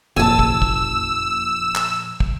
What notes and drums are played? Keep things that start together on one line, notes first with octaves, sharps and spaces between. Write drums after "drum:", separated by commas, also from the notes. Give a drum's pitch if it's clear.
F#1 F2 A#2 F3 G#5 A5 E6
drum: kick
drum: kick
drum: clap
drum: kick